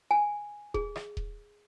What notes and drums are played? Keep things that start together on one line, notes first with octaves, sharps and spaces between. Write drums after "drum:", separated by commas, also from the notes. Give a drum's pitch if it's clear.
G#5
G#4, drum: kick D#1
drum: rim click
drum: kick D#1